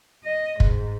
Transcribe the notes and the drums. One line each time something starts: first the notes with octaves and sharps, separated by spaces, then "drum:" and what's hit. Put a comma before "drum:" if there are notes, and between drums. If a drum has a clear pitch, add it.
D#5
G#2, drum: kick